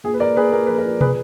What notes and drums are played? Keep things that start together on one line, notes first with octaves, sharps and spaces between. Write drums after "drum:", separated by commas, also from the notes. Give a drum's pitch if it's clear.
A#2 G#4
B4
A#2 A#4 D5
A#2 G#4 B4
A#2 A#4
F3 B4
A#4
F3
G#4 B4, drum: tom